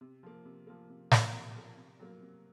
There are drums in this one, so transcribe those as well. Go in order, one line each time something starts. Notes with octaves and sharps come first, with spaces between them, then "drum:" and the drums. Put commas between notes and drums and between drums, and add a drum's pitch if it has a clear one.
C3
F3 A#3
C3
F3 A#3
C3
F3 A#3, drum: snare
C3
F3 A#3
C3
F#3 A#3
C3